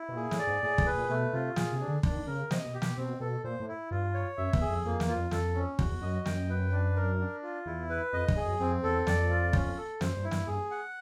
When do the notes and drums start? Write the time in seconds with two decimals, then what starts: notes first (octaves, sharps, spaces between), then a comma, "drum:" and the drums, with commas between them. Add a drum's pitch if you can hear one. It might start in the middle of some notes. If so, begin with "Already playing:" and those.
Already playing: E4
0.09 B2
0.16 A#2 G#4
0.31 A2, drum: snare
0.39 D5
0.47 G#2
0.63 A2 G#4
0.78 A2, drum: kick
0.86 B4
0.94 A#2
1.09 B2 A3
1.33 C3 F4
1.56 A#2 G#4, drum: snare
1.72 C3
1.80 D4
1.88 D3
2.03 D#3 D4, drum: kick
2.27 C#3 A#4
2.51 C3 D#5, drum: snare
2.66 B2
2.74 G4
2.82 B2, drum: snare
2.97 B2 C4
3.20 B2 A4
3.44 A#2 C5
3.60 A2
3.68 E4
3.91 G2 F4
4.14 C#5
4.37 F#2 E5
4.53 E2, drum: kick
4.61 G#4
4.69 F2
4.85 F2 A#3
5.00 E2, drum: snare
5.08 F4
5.16 F2
5.31 F2 A4, drum: snare
5.55 C#4
5.79 E2 F#4, drum: kick
6.02 F#2 D#5
6.26 F#2 G5, drum: snare
6.49 B4
6.72 D4
6.96 A#4
7.19 D4
7.43 F4
7.66 E2 E4
7.90 B4
8.13 F2 D#5
8.28 G2, drum: kick
8.36 G#4
8.44 F#2
8.60 F2 C4
8.83 E2 A4
9.07 F2 D5, drum: snare
9.30 F4
9.53 C#4, drum: kick
9.77 A4
10.01 F#2 C5, drum: snare
10.17 G2
10.24 E4
10.31 G2, drum: snare
10.47 G2 G#4
10.71 F#5